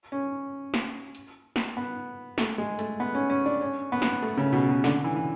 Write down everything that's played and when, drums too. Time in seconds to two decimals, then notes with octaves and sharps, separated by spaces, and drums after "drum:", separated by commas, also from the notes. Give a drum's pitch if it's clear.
0.12 C#4
0.74 drum: snare
1.15 drum: hi-hat
1.56 drum: snare
1.77 B3
2.38 A3, drum: snare
2.58 G#3
2.79 A3, drum: hi-hat
3.00 B3
3.15 C#4
3.30 C#4
3.46 D4
3.61 C#4
3.92 B3
4.02 drum: snare
4.22 A3
4.37 C#3
4.53 B2
4.69 B2
4.84 D3, drum: snare
5.04 E3
5.16 E3